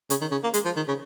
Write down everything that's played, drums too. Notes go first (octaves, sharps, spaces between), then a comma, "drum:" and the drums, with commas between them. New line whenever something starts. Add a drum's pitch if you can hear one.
C#3, drum: hi-hat
D#3
C#3
A#3
G#3, drum: hi-hat
F3
D#3
C#3